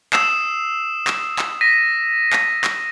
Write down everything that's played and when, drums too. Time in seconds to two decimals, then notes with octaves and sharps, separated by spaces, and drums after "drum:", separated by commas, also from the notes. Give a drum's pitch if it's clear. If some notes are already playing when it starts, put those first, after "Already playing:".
0.13 D#6 E6 C7 E7, drum: clap
1.07 drum: clap
1.39 drum: clap
1.61 A#6 B6 D#7
2.33 drum: clap
2.64 drum: clap